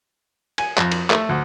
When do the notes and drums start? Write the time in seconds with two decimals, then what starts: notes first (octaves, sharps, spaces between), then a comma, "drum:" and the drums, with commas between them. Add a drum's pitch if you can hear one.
0.58 G#5, drum: cymbal
0.78 F2, drum: clap
0.92 drum: cymbal
1.10 A3, drum: clap
1.29 D2